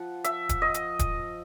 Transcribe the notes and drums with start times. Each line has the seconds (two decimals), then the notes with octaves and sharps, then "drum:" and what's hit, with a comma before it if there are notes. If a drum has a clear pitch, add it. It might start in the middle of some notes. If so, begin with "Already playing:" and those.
Already playing: F3 F#5
0.24 E5, drum: hi-hat
0.49 drum: kick D#1, hi-hat
0.62 D#5
0.74 drum: hi-hat
0.99 drum: kick D#1, hi-hat